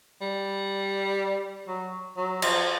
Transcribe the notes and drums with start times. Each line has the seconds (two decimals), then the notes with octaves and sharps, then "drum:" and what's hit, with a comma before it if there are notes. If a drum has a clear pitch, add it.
0.21 G3
1.68 F#3
2.17 F#3
2.42 F3, drum: cymbal